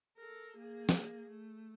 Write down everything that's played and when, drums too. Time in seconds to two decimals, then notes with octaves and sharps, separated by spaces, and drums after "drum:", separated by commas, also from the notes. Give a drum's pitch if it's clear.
0.17 A4 A#4
0.57 A#3 G#4
0.89 drum: snare
1.30 A3